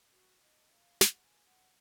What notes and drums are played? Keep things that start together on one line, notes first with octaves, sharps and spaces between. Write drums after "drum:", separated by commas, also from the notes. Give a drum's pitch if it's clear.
F#4
D#5
F5
F#5, drum: snare
G#5
F#5